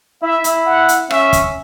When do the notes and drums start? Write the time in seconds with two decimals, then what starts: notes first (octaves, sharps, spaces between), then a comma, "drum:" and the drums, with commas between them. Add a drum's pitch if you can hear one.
0.22 E4 E5
0.44 E4, drum: hi-hat
0.66 F#5
0.89 drum: hi-hat
1.11 C#4 E5, drum: rim click
1.33 drum: kick, hi-hat